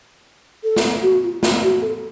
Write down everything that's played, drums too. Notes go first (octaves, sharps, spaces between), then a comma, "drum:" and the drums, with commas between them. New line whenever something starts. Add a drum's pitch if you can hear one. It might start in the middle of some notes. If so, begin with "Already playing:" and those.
A4
drum: snare
F#4
F4
F4, drum: snare
F#4
A4